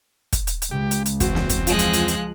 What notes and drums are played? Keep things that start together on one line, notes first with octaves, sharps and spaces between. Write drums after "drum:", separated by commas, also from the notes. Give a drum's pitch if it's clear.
drum: kick, hi-hat
drum: hi-hat
drum: hi-hat
C#2 G4
drum: hi-hat
drum: hi-hat
E2 C4 F#4, drum: kick, hi-hat
drum: snare
drum: kick, hi-hat
F3 G#3 F4 F#6, drum: hi-hat
drum: hi-hat
drum: hi-hat
drum: hi-hat